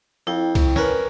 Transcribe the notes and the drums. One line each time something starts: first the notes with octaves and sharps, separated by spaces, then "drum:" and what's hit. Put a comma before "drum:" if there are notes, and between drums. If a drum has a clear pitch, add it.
F2 E4 G5
drum: kick C2, cymbal
C#4 A#4 B4, drum: snare